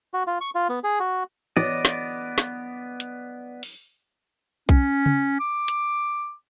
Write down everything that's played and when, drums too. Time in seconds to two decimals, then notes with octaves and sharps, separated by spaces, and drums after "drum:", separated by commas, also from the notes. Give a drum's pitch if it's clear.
0.14 F#4
0.27 F4
0.41 C#6
0.55 F4
0.69 B3
0.84 G#4
1.00 F#4
1.57 B3 D5 D#5 D6
1.85 drum: snare
2.38 drum: snare
3.00 drum: hi-hat
3.63 drum: open hi-hat
4.69 C#4, drum: kick B1
5.06 drum: tom C#3
5.40 D6
5.68 drum: hi-hat